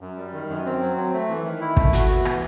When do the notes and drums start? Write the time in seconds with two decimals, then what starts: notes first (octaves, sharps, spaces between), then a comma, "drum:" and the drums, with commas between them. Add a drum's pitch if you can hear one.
0.01 F#2
0.17 G3
0.33 D#3
0.50 F#2
0.66 C4
0.81 F#3
0.97 C4
1.13 A3
1.29 E3
1.45 D#3
1.61 E4
1.77 A3, drum: kick
1.93 F#4, drum: hi-hat
2.09 B3
2.25 E3, drum: rim click